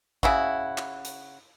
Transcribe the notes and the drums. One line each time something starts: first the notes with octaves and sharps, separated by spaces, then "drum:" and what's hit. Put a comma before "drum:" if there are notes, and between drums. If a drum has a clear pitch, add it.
C#3 E4 F#4, drum: kick A1
drum: clap
drum: hi-hat